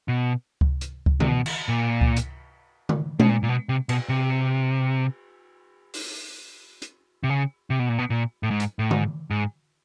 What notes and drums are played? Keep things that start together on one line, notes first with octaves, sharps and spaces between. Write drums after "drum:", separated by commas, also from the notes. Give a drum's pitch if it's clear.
B2
drum: kick C#2
drum: hi-hat
drum: kick C#2
C3, drum: tom D3
B2
drum: cymbal
A#2
drum: kick C#2
drum: hi-hat
drum: tom D3
B2, drum: tom G#3
A#2
A#2
B2
C3
B2, drum: cymbal
C3
drum: open hi-hat
drum: hi-hat
C3
C#3
C3
B2
A#2
B2
A#2
A2
G#2
drum: hi-hat
A2
G#2, drum: tom D3
G#2